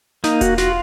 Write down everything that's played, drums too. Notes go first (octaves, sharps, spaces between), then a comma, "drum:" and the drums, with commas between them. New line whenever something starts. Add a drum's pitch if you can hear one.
A#3 D#4, drum: snare
F#4, drum: kick E1, hi-hat
F4 F#4, drum: snare